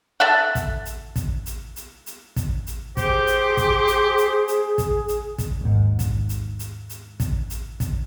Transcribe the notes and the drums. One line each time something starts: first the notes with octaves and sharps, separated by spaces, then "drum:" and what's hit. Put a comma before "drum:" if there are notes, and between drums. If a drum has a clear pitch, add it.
A4 E5 F#5
drum: kick, hi-hat
drum: hi-hat
drum: kick, hi-hat
drum: hi-hat
drum: hi-hat
drum: hi-hat
drum: kick, hi-hat
drum: hi-hat
G4 G#4 C5, drum: kick, hi-hat
drum: hi-hat
drum: kick, hi-hat
drum: hi-hat
drum: hi-hat
drum: hi-hat
drum: kick, hi-hat
drum: hi-hat
drum: kick, hi-hat
D#2 G#2
drum: kick, hi-hat
drum: hi-hat
drum: hi-hat
drum: hi-hat
drum: kick, hi-hat
drum: hi-hat
drum: kick, hi-hat